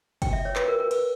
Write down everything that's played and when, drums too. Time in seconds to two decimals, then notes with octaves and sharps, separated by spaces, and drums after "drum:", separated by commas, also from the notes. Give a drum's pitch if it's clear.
0.22 G5, drum: kick, cymbal
0.33 E5
0.45 C#5
0.56 B4, drum: clap
0.68 A#4
0.80 A#4
0.91 B4, drum: cymbal